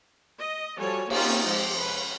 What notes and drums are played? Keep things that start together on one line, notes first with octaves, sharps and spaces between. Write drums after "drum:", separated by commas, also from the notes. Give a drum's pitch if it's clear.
D#5
F3 G3 F#4 A4 C#5 G#5
A#3 C4 C#4 D#4 F4 G4, drum: cymbal
F3 G#3 C4 G4
C#4 B4